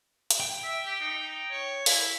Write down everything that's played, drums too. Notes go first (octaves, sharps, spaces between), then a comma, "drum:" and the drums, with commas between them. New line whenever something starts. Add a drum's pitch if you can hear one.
drum: hi-hat
G5
E5
G4
D#4
C#5
E4, drum: open hi-hat